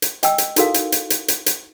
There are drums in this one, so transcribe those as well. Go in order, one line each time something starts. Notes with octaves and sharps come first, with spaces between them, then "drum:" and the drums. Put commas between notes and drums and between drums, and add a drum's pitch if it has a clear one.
drum: hi-hat
D#5 G5 G#5 E6, drum: hi-hat
drum: hi-hat
D#4 E4 F#4 A4 A#4 F5, drum: hi-hat
drum: hi-hat
drum: hi-hat
drum: hi-hat
drum: hi-hat
drum: hi-hat